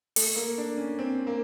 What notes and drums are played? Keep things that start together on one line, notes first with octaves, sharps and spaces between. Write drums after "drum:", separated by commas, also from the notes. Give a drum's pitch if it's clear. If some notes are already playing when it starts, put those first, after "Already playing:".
A3, drum: open hi-hat
A#3
D4
C#4
C4
A#3